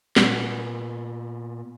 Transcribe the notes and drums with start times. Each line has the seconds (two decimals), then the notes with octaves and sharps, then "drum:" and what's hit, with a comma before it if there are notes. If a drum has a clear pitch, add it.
0.16 A#2 B3, drum: snare